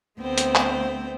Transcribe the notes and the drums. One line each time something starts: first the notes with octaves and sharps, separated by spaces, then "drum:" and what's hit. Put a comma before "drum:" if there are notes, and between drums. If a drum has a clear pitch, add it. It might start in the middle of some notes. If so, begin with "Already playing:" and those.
D2 A3 B3 C4 C5 G5
drum: hi-hat
drum: clap